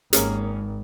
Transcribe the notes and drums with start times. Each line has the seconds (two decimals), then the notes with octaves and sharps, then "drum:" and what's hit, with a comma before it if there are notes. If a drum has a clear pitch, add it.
0.13 G#1 A#3 C#4 G#4, drum: hi-hat